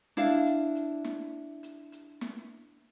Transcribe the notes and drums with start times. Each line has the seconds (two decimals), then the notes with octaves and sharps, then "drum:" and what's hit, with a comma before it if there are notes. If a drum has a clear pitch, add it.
0.17 D4 E4 F5
0.46 drum: hi-hat
0.75 drum: hi-hat
1.04 drum: snare
1.63 drum: hi-hat
1.92 drum: hi-hat
2.21 drum: snare